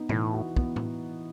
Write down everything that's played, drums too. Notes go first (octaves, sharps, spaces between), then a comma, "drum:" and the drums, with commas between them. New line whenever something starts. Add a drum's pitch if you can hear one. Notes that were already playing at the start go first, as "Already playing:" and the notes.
Already playing: B3 D#4
A2 E3, drum: tom
F#4
B3, drum: kick
drum: tom A2